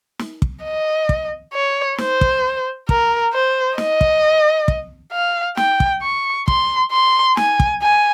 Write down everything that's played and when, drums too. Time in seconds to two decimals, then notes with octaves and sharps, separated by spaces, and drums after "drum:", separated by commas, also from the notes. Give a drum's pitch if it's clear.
0.19 drum: snare
0.42 drum: kick
0.65 D#5
1.09 drum: kick
1.54 C#5
1.98 C5, drum: snare
2.21 drum: kick
2.89 A#4, drum: kick
3.33 C5
3.78 D#5, drum: snare
4.01 drum: kick
4.68 drum: kick
5.13 F5
5.57 G5, drum: snare
5.80 drum: kick
6.03 C#6
6.48 C6, drum: kick
6.92 C6
7.37 G#5, drum: snare
7.60 drum: kick
7.83 G#5